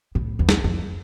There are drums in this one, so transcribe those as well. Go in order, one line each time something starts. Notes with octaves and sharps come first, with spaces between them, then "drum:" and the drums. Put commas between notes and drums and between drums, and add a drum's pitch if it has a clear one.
A2
E2
drum: snare
F2